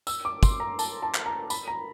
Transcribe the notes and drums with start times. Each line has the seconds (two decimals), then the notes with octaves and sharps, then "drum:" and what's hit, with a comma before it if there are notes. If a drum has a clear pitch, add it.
0.07 E6, drum: tambourine
0.25 D6
0.43 C6, drum: kick, tambourine
0.60 A#5
0.79 A5, drum: tambourine
1.03 A5
1.14 drum: clap
1.26 A#5
1.50 B5, drum: tambourine
1.68 A#5